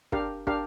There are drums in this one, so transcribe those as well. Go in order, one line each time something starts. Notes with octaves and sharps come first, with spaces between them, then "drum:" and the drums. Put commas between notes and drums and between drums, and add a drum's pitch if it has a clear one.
D4 G4 A#4 F5, drum: kick
D4 G4 A#4 F5, drum: kick